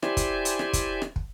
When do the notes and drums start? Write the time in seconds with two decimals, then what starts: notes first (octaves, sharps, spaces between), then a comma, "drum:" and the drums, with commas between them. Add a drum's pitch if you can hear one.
0.03 E4 G4 C5 D5 G#5, drum: rim click
0.17 drum: kick, hi-hat
0.45 drum: hi-hat
0.59 drum: rim click
0.73 drum: kick, hi-hat
1.02 drum: rim click
1.16 drum: kick